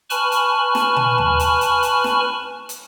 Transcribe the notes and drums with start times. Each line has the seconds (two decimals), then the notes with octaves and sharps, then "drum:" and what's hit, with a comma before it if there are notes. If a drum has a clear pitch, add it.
0.10 B4 G#5 A5 B5 C#6 F6, drum: hi-hat
0.32 drum: hi-hat
0.75 drum: snare
0.96 drum: tom
1.18 drum: tom D#2
1.40 drum: hi-hat
1.61 drum: hi-hat
1.83 drum: hi-hat
2.04 drum: snare
2.69 drum: hi-hat